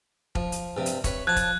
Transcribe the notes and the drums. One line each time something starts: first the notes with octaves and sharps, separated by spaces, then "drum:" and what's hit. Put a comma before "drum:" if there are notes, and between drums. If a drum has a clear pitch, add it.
F3, drum: kick
drum: hi-hat
G2 C3
drum: hi-hat
B4 C#5, drum: kick, hi-hat
F3 A5 F#6 G#6
drum: kick, hi-hat